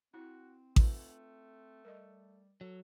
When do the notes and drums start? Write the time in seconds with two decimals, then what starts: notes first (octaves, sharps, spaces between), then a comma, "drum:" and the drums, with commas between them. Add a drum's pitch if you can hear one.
0.14 C4 E4 F#4
0.76 A3 D#4 F4 B4, drum: kick A1
1.85 G3 A#4 D#5
2.61 F#3 A4